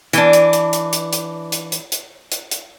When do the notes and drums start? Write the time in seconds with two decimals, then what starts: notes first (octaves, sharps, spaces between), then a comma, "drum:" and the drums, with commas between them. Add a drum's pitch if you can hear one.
0.13 E3 D4, drum: hi-hat
0.33 drum: hi-hat
0.53 drum: hi-hat
0.73 drum: hi-hat
0.93 drum: hi-hat
1.13 drum: hi-hat
1.52 drum: hi-hat
1.72 drum: hi-hat
1.92 drum: hi-hat
2.32 drum: hi-hat
2.51 drum: hi-hat